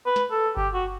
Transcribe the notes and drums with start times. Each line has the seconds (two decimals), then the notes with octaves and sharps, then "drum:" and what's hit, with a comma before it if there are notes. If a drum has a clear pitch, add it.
0.06 B4
0.16 drum: snare
0.31 A4
0.57 G4, drum: kick G1
0.73 F#4